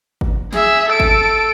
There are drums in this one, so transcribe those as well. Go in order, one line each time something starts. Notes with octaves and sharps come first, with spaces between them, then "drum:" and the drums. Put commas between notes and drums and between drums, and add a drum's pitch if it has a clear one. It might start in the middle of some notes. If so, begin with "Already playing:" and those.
drum: kick G1
G#4 E5, drum: snare
A4 D7
drum: kick G1